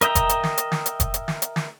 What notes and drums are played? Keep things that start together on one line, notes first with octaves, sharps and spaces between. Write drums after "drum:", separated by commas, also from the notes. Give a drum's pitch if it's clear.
A#4 D#5 E5 G5 A#5, drum: hi-hat
drum: kick F1, hi-hat
drum: hi-hat
drum: snare
drum: hi-hat
drum: snare
drum: hi-hat
drum: kick F1, hi-hat
drum: hi-hat
drum: snare
drum: hi-hat
drum: snare